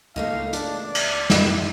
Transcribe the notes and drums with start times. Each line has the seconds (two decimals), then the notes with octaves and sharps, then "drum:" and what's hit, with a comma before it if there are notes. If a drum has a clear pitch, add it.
0.16 C#2 A3 A#3 D#4 F5
0.53 E2 D4, drum: hi-hat
0.84 D5
0.95 drum: cymbal
1.30 F#2 E4, drum: snare